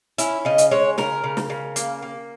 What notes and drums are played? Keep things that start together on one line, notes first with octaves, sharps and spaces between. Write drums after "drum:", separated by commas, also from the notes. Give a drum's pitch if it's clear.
C#4 E4, drum: hi-hat
C#3 D#5
drum: hi-hat
G#3 C#5
C#3 A#4, drum: snare
C#3
drum: snare
C#3
A#3, drum: hi-hat
A#3